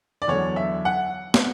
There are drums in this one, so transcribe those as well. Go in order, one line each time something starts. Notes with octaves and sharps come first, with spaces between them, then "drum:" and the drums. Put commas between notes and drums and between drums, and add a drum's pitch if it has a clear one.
D5
E2 D3 F#3 C#5
E5
F#5
drum: snare